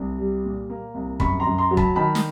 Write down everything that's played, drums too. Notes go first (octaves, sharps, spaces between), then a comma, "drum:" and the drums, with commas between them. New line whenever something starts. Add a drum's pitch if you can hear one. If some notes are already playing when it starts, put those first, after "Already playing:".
Already playing: C2
G3
A#2
A#3
C2
F#2 B5 C#6, drum: kick
A#5 C6
F#2
A#5 C6
F#3
A5 B5, drum: kick
D#3 A5 B5
drum: snare